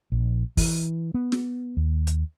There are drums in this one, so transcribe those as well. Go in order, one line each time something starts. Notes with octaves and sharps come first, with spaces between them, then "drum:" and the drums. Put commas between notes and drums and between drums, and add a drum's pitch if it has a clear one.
A#1
E3, drum: kick, open hi-hat
B3
drum: snare
D#2
drum: hi-hat